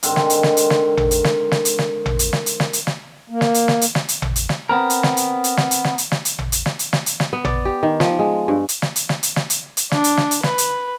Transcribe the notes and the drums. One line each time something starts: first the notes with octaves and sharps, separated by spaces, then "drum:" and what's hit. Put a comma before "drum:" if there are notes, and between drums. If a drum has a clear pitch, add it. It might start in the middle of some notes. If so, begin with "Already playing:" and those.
G#2 D3 D#3 C4, drum: hi-hat
drum: snare
drum: hi-hat
drum: snare
drum: hi-hat
drum: snare
drum: tom A1
drum: hi-hat
drum: snare
drum: snare
drum: hi-hat
drum: snare
drum: tom A1
drum: hi-hat
drum: snare
drum: hi-hat
drum: snare
drum: hi-hat
drum: snare
A#3
drum: snare
drum: hi-hat
drum: snare
drum: hi-hat
drum: snare
drum: hi-hat
drum: tom A1
drum: hi-hat
drum: snare
B3 C4 A#4
drum: hi-hat
drum: snare
drum: hi-hat
drum: hi-hat
drum: snare
drum: hi-hat
drum: snare
drum: hi-hat
drum: snare
drum: hi-hat
drum: tom A1
drum: hi-hat
drum: snare
drum: hi-hat
drum: snare
drum: hi-hat
drum: snare
B3
D5, drum: tom A1
G4
D#3
F3, drum: snare
G#3
G2
drum: hi-hat
drum: snare
drum: hi-hat
drum: snare
drum: hi-hat
drum: snare
drum: hi-hat
drum: hi-hat
D4, drum: snare
drum: hi-hat
drum: snare
drum: hi-hat
B4, drum: snare
drum: hi-hat